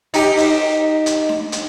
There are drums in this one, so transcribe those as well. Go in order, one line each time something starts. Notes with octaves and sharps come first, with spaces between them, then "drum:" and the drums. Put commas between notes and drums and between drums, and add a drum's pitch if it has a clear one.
D#4 G4, drum: hi-hat
drum: open hi-hat
drum: hi-hat
drum: snare D4
drum: hi-hat